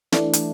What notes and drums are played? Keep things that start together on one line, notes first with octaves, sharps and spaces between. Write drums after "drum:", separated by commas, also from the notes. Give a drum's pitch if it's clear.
E3 A3 D4, drum: snare
drum: hi-hat